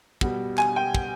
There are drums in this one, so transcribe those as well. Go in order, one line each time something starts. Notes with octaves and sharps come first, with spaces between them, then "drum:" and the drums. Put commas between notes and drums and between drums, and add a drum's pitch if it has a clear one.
B2 G3, drum: kick
G#5, drum: clap
G5
drum: kick